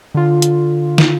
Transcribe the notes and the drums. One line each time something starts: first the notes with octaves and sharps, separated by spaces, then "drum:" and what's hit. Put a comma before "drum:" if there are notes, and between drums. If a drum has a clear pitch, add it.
D3 F4
drum: hi-hat
drum: snare